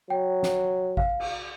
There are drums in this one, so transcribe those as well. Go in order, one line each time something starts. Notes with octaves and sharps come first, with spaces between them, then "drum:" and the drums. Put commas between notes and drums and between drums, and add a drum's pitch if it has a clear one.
F#3 G5
drum: snare
F5, drum: kick G#1
drum: cymbal